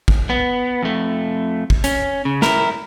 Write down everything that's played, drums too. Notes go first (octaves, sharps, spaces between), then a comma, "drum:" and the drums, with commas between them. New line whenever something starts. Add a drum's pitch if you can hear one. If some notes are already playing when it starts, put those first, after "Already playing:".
drum: kick
B3
F2 A3
drum: kick
C#4, drum: hi-hat
C#3
E4 A#4, drum: snare